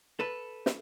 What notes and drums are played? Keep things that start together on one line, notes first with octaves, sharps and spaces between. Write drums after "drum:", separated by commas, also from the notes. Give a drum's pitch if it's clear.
A4 B4
drum: snare